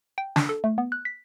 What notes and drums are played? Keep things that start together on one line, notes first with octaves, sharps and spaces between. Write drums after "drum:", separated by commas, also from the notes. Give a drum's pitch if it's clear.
G5
D4, drum: snare
A4
A3
B3
F#6
B6